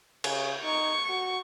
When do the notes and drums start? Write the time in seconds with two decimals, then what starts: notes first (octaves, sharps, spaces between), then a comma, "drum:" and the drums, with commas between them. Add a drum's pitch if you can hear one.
0.24 C#3, drum: cymbal
0.64 D#4 C#6
1.09 F#4